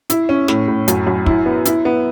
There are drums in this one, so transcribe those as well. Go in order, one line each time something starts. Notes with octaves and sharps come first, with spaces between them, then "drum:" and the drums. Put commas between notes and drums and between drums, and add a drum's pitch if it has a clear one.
E4, drum: hi-hat
C#4
A2, drum: snare
A2
F#2, drum: hi-hat
F#2
E4, drum: kick
B3
E4, drum: hi-hat
B3